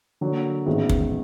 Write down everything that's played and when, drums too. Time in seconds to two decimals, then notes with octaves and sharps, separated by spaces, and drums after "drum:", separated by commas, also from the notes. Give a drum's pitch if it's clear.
0.21 D3 F#3 A#3
0.66 A1 G#2 D#3 G#3 B3
0.89 drum: kick